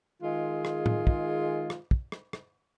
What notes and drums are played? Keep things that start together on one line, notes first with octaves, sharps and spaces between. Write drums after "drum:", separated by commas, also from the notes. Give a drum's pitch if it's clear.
D#3 G#3 F4 G#4
drum: rim click
drum: tom A2
drum: kick
drum: rim click
drum: kick
drum: rim click
drum: rim click